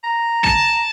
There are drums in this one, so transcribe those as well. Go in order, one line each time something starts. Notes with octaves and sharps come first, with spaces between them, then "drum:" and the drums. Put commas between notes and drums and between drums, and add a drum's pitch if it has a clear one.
A#5
A5, drum: kick